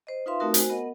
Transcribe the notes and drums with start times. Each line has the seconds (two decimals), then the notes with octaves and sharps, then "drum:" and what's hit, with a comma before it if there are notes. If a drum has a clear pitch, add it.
0.07 C5 D#5
0.26 D#4 F4 B4 E5 F5 C6
0.40 A3 C4 D#4 F#4 A#4
0.54 F#4 C5 G#5, drum: hi-hat
0.70 B3 A#4 D#5 F#5